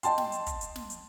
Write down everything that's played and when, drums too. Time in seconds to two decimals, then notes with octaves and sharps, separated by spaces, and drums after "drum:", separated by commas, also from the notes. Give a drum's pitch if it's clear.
0.03 D#5 G5 A5 C6, drum: hi-hat
0.18 drum: snare
0.32 drum: hi-hat
0.47 drum: kick, hi-hat
0.61 drum: hi-hat
0.76 drum: snare
0.90 drum: hi-hat